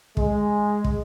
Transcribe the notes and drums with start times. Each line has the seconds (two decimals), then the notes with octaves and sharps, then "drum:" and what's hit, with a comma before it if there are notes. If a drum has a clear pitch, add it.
0.17 G#3, drum: kick
0.84 drum: kick